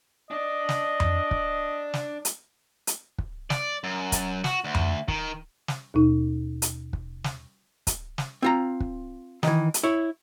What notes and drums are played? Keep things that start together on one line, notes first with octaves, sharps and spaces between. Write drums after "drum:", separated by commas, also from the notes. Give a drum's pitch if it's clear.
D4 D5 D#5
drum: snare
drum: tom F2
drum: kick
drum: snare
drum: hi-hat
drum: hi-hat
drum: kick
D5, drum: snare
F#2
drum: kick, hi-hat
F#4, drum: snare
D2
drum: tom F2
D#3, drum: kick
drum: snare
D#2 B2 D#4
drum: hi-hat
drum: kick
drum: snare
drum: kick, hi-hat
drum: snare
C4 F4 A#5
drum: kick
D#3 E3, drum: snare
drum: hi-hat
E4 C#5